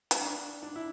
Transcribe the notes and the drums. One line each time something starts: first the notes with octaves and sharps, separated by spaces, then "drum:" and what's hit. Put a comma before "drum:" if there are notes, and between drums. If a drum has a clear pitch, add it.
drum: hi-hat
D4
D4
E4